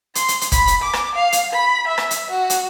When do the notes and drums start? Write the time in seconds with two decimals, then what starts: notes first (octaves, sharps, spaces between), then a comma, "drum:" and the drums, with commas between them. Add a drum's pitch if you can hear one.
0.15 C6, drum: hi-hat
0.28 drum: hi-hat
0.41 drum: hi-hat
0.52 B5, drum: kick, hi-hat
0.67 drum: hi-hat
0.82 D6
0.93 drum: rim click
1.15 F5
1.32 drum: hi-hat
1.53 B5
1.88 E5
1.98 drum: rim click
2.11 drum: hi-hat
2.31 F#4
2.50 drum: hi-hat